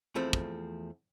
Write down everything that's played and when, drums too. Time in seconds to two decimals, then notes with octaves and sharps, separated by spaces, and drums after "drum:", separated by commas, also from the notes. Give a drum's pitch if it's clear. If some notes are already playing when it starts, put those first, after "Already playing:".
0.15 E2 F3 A3 C4
0.33 drum: kick